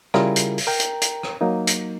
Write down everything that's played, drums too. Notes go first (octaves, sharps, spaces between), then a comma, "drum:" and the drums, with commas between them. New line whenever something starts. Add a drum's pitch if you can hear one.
C#3 G3 E4 F4 G#4 A#4, drum: rim click
drum: hi-hat
drum: open hi-hat
A#4 G5 A#5
drum: hi-hat
drum: hi-hat
drum: rim click
F#3 A#3 D#4
drum: hi-hat